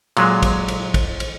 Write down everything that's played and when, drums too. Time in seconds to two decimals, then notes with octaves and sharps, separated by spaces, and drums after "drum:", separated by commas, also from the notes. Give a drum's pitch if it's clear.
0.17 A#2 F#3 G#3, drum: cymbal
0.42 drum: kick, cymbal
0.68 drum: cymbal
0.94 drum: kick, cymbal
1.20 drum: cymbal